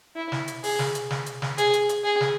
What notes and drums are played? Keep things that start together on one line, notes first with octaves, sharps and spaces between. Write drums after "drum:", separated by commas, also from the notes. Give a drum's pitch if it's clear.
E4
drum: snare
drum: hi-hat
G#4, drum: open hi-hat
drum: snare
drum: hi-hat
drum: snare
drum: hi-hat
drum: snare
G#4, drum: hi-hat
drum: hi-hat
drum: hi-hat
G#4
drum: snare